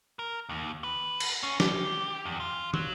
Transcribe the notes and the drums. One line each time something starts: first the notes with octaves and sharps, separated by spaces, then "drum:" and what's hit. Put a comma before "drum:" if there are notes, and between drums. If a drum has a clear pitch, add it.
A#4
D#2
B4
drum: cymbal
C#4
G4, drum: snare
E2
F4
F#3, drum: tom